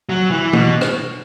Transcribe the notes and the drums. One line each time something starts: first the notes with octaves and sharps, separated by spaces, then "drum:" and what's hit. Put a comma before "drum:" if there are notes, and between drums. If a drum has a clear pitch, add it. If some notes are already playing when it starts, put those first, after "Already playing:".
F#3
E3
B2, drum: tom
drum: rim click